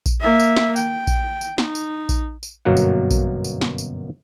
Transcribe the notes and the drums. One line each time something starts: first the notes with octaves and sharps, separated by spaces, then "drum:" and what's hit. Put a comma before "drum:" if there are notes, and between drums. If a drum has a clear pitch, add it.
drum: kick A#1, tambourine
A#3 E5
drum: tambourine
drum: snare
G5, drum: tambourine
drum: kick A#1, tambourine
drum: tambourine
D#4, drum: snare
drum: tambourine
drum: kick A#1, tambourine
drum: tambourine
G1 F#2 B2 F#3 A#3 F#5
drum: tambourine
drum: kick A#1, tambourine
drum: tambourine
drum: snare
drum: tambourine